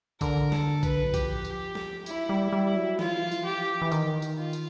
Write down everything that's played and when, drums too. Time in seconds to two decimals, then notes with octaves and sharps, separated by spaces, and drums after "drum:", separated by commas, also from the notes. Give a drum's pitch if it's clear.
0.21 D3 A#4, drum: kick A#1, tambourine
0.52 A4, drum: snare
0.83 B4, drum: kick A#1, tambourine
1.03 F#3
1.14 F3 G4, drum: kick A#1, tambourine
1.44 drum: tambourine
1.75 drum: snare
2.06 F#3 E4, drum: tambourine
2.29 G3
2.53 G3
2.76 F#3
2.99 E3 F4, drum: snare
3.07 F3
3.15 E3
3.23 F3
3.31 E3, drum: tambourine
3.39 F3
3.45 E3 G4
3.57 F3
3.65 E3
3.73 F3
3.82 E3
3.91 D#3, drum: tambourine
4.22 drum: tambourine
4.38 F4
4.53 drum: tambourine